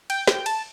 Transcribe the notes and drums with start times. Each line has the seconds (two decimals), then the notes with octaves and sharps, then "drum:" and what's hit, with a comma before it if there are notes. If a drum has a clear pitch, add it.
0.10 G5, drum: cymbal
0.27 G5, drum: snare
0.46 A5, drum: cymbal